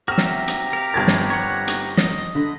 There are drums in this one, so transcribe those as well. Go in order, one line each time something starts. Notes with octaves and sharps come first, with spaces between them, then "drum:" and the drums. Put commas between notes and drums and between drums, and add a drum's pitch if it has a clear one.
C3 F#4 G4 E5 A#5 F6
drum: snare
drum: hi-hat
A#4 F5
G1 G#6 A6
drum: snare
C#5 F#5
drum: hi-hat
D#5, drum: snare
D3 B5